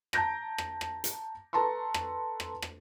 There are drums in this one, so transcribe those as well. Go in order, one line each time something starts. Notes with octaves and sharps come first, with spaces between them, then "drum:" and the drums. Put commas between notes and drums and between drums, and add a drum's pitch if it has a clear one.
A5 A#5 G6 A#6 D7, drum: rim click
drum: rim click
drum: rim click
drum: hi-hat
A4 B4 A5 A#5 C6 C#6
drum: rim click
drum: rim click
drum: rim click